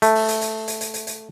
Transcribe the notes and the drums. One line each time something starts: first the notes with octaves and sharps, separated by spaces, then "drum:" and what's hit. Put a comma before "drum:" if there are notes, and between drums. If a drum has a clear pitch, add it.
A3, drum: hi-hat
drum: open hi-hat
drum: hi-hat
drum: hi-hat
drum: hi-hat
drum: hi-hat
drum: hi-hat
drum: hi-hat